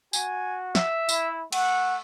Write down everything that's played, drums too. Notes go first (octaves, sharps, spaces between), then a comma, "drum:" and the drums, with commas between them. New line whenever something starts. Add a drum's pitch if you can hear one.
F#4 G#5, drum: tambourine
E5, drum: snare
E4, drum: tambourine
A3 F#5, drum: cymbal